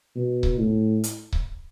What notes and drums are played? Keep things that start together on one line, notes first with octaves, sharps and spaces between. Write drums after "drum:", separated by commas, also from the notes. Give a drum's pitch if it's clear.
B2
drum: kick C#1
A2
drum: hi-hat
drum: kick C#1